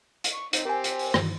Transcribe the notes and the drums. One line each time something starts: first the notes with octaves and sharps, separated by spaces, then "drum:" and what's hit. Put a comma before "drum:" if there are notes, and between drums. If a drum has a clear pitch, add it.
drum: hi-hat
C#6
C4 D#4, drum: hi-hat
C4 G4 A#4 C5 G#5
drum: hi-hat
drum: open hi-hat
G2 D#3 E3, drum: rim click